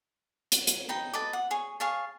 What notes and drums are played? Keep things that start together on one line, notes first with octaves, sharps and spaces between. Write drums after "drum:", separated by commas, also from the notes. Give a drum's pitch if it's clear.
drum: hi-hat
drum: hi-hat
D#4 G5 B5
A4 B4 D#5 D6
F#5
G#4 C#5
G#4 C#5 F5 A5